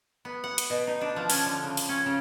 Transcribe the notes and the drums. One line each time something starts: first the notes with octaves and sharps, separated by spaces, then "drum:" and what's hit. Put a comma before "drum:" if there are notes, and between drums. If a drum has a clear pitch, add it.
B3
F#5
drum: hi-hat
B2
D#4
D4
F3
C#4, drum: open hi-hat
D3
C#3
drum: open hi-hat
C#4
C#3